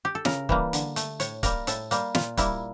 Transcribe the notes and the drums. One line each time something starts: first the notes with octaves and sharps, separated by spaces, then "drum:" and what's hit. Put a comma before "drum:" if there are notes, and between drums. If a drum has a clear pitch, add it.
G4
A4
C#3 A#4, drum: snare
E3 G3 A#3, drum: kick
D3, drum: hi-hat
A3, drum: hi-hat
A2 C#5, drum: hi-hat
G3 A#3 A#4, drum: kick, hi-hat
A2 A4, drum: hi-hat
G3 A#3, drum: hi-hat
A#2 F4, drum: snare
G3 A#3 E4, drum: kick, hi-hat